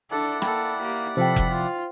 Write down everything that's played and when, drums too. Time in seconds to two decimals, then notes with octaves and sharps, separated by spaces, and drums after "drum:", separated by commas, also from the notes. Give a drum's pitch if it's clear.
0.11 D4 E4 A4 D5 F#5
0.42 A#3 A4 G5 B5, drum: rim click
0.78 A#3 G4
1.17 C3 F3 A4 C5 G5 B5
1.36 drum: kick F1
1.50 F4